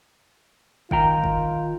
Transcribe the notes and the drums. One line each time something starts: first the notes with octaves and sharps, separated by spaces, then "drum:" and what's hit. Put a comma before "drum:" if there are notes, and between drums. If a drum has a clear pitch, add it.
D#3 F4 G5 A#5, drum: kick
drum: kick